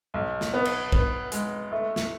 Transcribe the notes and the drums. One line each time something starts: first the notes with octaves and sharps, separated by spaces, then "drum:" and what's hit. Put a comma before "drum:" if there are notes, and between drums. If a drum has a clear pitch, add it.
B1
drum: snare
B3
drum: cymbal
B3, drum: kick
G#3, drum: hi-hat
A3
drum: snare